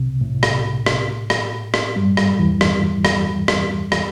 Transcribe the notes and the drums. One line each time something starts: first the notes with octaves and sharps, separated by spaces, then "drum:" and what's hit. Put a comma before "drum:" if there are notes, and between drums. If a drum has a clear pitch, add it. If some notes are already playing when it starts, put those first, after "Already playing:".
Already playing: C2 C3
A2
drum: rim click
drum: rim click
drum: rim click
drum: rim click
G2 G3
drum: rim click
E2 E3
drum: rim click
drum: rim click
drum: rim click
drum: rim click